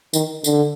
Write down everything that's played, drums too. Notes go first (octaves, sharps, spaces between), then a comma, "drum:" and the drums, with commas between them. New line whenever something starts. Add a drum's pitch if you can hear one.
D#3, drum: tambourine
D3, drum: tambourine